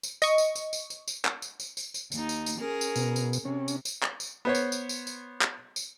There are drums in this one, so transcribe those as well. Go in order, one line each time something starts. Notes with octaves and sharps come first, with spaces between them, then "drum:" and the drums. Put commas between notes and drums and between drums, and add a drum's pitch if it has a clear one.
drum: tambourine
D#5 C#6, drum: tambourine
drum: tambourine
drum: tambourine
drum: tambourine
drum: tambourine
drum: tambourine
drum: clap
drum: tambourine
drum: tambourine
drum: tambourine
drum: tambourine
D#2 D#4, drum: tambourine
drum: tambourine
drum: tambourine
C#4 G#4 A#4
drum: tambourine
B2, drum: tambourine
drum: tambourine
drum: tambourine
C3 C#4
drum: tambourine
drum: tambourine
drum: clap
drum: tambourine
B3 C5 C#5
drum: tambourine
drum: tambourine
drum: tambourine
drum: tambourine
drum: clap
drum: tambourine